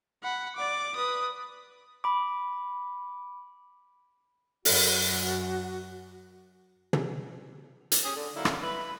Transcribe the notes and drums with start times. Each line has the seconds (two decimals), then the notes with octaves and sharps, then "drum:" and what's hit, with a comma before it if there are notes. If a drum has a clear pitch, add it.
0.23 F#5 B5
0.56 D5 D6
0.95 B4 D#6
2.04 B5 D6
4.65 F#2 F#4, drum: open hi-hat
6.93 drum: tom
7.92 drum: hi-hat
8.04 C#4 G4 G#4
8.16 D3
8.35 D3 F#3 A#3 D#4 E4
8.45 drum: rim click
8.62 E4 B4